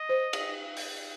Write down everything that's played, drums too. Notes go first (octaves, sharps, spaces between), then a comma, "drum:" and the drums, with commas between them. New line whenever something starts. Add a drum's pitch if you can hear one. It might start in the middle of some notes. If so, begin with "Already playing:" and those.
Already playing: D#5
C5
drum: cymbal
drum: open hi-hat